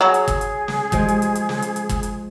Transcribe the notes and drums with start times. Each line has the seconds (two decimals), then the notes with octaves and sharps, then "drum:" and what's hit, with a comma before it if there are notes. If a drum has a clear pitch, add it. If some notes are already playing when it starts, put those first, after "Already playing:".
0.01 F#3 G#4
0.14 drum: hi-hat
0.28 drum: kick, hi-hat
0.41 drum: hi-hat
0.68 drum: snare
0.92 F3 G#3 C5, drum: kick, hi-hat
1.08 drum: hi-hat
1.22 drum: hi-hat
1.35 drum: hi-hat
1.49 drum: snare
1.62 drum: hi-hat
1.76 drum: hi-hat
1.89 drum: kick, hi-hat
2.03 drum: hi-hat